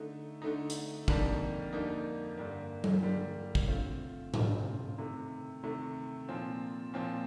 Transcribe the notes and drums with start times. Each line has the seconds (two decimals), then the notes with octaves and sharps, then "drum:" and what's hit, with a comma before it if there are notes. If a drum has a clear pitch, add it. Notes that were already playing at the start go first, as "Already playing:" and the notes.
Already playing: D3 A3 D#4
0.42 D3 A3 D#4
0.70 drum: hi-hat
1.08 F2 D3 G3 A#3 D#4, drum: kick
1.73 F2 D3 G3 A#3 D#4
2.37 G2 D3 G3 A#3
2.84 drum: tom F#3
3.03 G2 D3 G3 A#3
3.55 drum: kick
3.68 D3 A3 C4 F4
4.34 D3 A3 C4 F4, drum: tom G#2
4.98 C3 D#3 A3
5.63 C3 D#3 A3
6.29 A#2 F3 C4
6.94 A#2 F3 C4